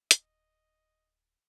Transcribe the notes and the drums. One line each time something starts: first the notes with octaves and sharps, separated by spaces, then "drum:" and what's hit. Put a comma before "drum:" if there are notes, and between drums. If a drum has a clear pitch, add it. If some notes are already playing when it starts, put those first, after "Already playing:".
D1 D#5, drum: hi-hat